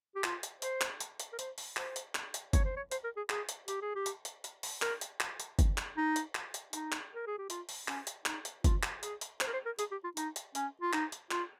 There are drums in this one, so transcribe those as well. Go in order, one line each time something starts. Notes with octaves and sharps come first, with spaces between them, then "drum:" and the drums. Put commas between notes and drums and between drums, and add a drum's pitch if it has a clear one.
G4
F4, drum: clap
drum: hi-hat
C5, drum: hi-hat
drum: clap
drum: hi-hat
drum: hi-hat
A#4
C5, drum: hi-hat
drum: open hi-hat
C5, drum: clap
drum: hi-hat
drum: clap
drum: hi-hat
C#5, drum: kick, hi-hat
C5
C#5
C5, drum: hi-hat
A#4
G#4
G#4, drum: clap
drum: hi-hat
G4, drum: hi-hat
G#4
G4
drum: hi-hat
drum: hi-hat
drum: hi-hat
drum: open hi-hat
A#4, drum: clap
drum: hi-hat
drum: clap
drum: hi-hat
drum: kick, hi-hat
drum: clap
D#4
drum: hi-hat
drum: clap
drum: hi-hat
D#4, drum: hi-hat
drum: clap
A#4
G#4
G4
F4, drum: hi-hat
drum: open hi-hat
C#4, drum: clap
drum: hi-hat
D#4, drum: clap
drum: hi-hat
F4, drum: kick, hi-hat
drum: clap
G#4, drum: hi-hat
drum: hi-hat
C5, drum: clap
A#4
C5
A#4
G#4, drum: hi-hat
G4
F4
D#4, drum: hi-hat
drum: hi-hat
C#4, drum: hi-hat
F4
D#4, drum: clap
drum: hi-hat
F4, drum: clap